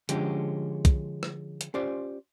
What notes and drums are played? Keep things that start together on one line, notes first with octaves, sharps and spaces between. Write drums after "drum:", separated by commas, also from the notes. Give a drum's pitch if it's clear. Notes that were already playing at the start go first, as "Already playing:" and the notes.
D3 F3 G#3 C#4 G4, drum: hi-hat
drum: kick, hi-hat
drum: rim click
drum: hi-hat
C#4 F4 G4 C5 D5